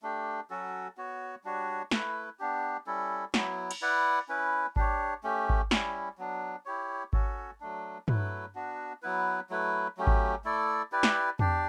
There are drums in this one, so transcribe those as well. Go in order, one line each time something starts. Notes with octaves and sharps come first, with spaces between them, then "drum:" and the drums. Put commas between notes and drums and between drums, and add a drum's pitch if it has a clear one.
A3 D4 G4
F#3 C#4 F#4 A4
B3 F#4 C#5
G3 D4 F#4 C#5
A3 E4 B4, drum: snare
B3 D4 G4
G3 C#4 E4 A4
F#3 B3 E4, drum: snare
drum: cymbal
E4 B4 D5 F#5
C#4 E4 B4
D4 G4 C#5, drum: kick G#1
A3 C#4 G4
drum: kick G#1
G3 C#4 E4, drum: snare
F#3 B3 D4
E4 G4 C#5
C#4 F#4 A4 C#5, drum: kick G#1
F#3 A3 D4
F#3 A3 E4 B4, drum: tom
B3 D4 F#4
F#3 B3 E4 B4
F#3 A3 E4 B4
F#3 A3 C#4 G4
drum: kick G#1
A3 E4 A4 D5
E4 G4 B4 D5
drum: snare
D4 G4 D5, drum: tom E2